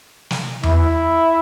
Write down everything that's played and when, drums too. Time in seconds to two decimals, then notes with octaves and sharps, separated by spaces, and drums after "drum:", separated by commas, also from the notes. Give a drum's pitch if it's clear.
0.31 drum: snare
0.63 E4, drum: tom E2